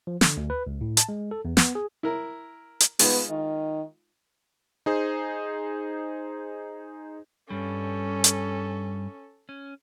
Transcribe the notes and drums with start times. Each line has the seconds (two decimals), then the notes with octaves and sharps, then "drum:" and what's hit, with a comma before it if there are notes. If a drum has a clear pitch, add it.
0.07 F3
0.21 D3, drum: snare
0.37 D2
0.50 B4
0.67 C#2
0.81 A2
0.97 A5, drum: hi-hat
1.09 G#3
1.31 A4
1.45 E2
1.57 B3, drum: snare
1.75 G#4
2.03 E4 A#4
2.80 drum: hi-hat
2.99 G#3 B3 D#4 F4, drum: open hi-hat
3.30 D#3
4.86 D#4 G#4 C5
7.50 G2 G3 C#4 A4
8.24 drum: hi-hat
9.49 C#4